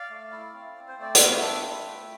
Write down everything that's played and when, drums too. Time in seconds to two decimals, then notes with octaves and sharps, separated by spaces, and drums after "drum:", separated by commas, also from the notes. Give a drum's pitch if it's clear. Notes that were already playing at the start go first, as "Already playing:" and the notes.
Already playing: D5 F5
0.10 A3
0.32 E4
0.53 C4
0.76 C4
0.88 C5
0.97 A3 D5
1.15 E4 E5, drum: hi-hat
1.28 F5
1.41 D4 E5 G5
1.63 F4
1.84 A3